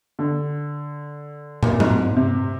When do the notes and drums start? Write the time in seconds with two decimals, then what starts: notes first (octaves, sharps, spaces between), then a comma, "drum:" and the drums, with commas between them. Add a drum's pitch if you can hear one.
0.19 D3
1.63 A#2, drum: tom
1.80 G#2, drum: tom
2.16 C3